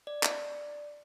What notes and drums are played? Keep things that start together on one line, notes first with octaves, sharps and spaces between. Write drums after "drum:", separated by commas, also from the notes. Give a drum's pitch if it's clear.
D5
drum: clap